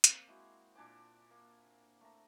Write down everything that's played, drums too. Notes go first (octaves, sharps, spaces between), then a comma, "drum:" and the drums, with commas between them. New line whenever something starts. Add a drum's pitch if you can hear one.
A#3 C4, drum: hi-hat
G#3 E4 F#4
A#2 D4 G#5 D6
A#3
A3 A#5